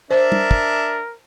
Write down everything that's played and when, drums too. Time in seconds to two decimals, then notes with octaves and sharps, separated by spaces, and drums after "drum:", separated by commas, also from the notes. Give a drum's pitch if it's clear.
0.11 D4 A#4 C5 E5
0.32 drum: tom
0.51 drum: kick